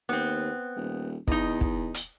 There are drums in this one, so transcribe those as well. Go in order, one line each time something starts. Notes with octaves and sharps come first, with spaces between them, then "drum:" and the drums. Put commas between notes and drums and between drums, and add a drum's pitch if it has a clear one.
D#2 B3 C4
D#1
E2 D#4 D#5, drum: kick
drum: kick
drum: hi-hat